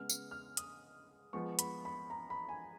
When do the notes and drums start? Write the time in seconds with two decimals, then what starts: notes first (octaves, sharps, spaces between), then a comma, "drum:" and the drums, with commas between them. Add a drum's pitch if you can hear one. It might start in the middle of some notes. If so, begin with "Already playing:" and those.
Already playing: C#3 G#3 B3 F6
0.09 drum: tambourine
0.31 F6
0.57 D#6, drum: hi-hat
1.33 F3 G#3 B3 C#6
1.59 B5, drum: hi-hat
1.85 B5
2.10 A#5
2.30 B5
2.49 G#5